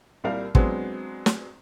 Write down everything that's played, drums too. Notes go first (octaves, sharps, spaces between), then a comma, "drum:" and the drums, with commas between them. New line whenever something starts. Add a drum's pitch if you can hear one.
C2 A#2 G3 A#4 F5 F6
F#3 G#3 B3 C4 D4 C5, drum: kick
drum: snare